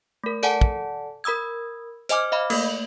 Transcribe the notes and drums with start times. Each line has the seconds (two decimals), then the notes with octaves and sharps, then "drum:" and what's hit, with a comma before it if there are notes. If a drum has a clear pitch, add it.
0.24 A3 A#4
0.43 A4 D5 F#5 G#5 A5, drum: tambourine
0.61 drum: kick
1.24 A#4 B5 D#6 E6 G#6
2.09 C5 D#5 G#5 D6 F6, drum: hi-hat
2.32 D#5 F5 B5
2.50 A3 A#3, drum: cymbal